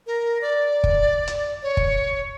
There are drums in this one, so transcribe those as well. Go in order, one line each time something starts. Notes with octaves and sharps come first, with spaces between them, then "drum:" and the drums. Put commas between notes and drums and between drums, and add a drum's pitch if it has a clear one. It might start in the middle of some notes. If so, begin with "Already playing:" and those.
A#4
D5
drum: kick
drum: hi-hat
C#5
drum: kick